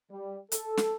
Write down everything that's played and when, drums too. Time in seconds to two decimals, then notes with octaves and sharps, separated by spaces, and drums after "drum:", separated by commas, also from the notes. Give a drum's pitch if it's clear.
0.11 G3
0.52 A4, drum: hi-hat
0.77 drum: snare